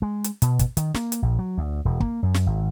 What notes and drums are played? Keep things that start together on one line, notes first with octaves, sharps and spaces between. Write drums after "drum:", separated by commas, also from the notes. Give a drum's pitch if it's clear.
G#3
drum: hi-hat
B2, drum: hi-hat
drum: kick, hi-hat
D#3, drum: hi-hat
A#3, drum: snare
drum: hi-hat
A#1
F#3
D2
E1
A#3, drum: kick
F#2
drum: snare
G#1